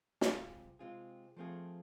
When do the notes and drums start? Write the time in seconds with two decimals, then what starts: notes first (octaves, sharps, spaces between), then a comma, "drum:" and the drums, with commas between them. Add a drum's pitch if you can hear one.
0.21 C3 G#3 C4 F4 G#4, drum: snare
0.79 C3 G#3 C4 F4 G#4
1.37 F3 A3 C4 F4 G#4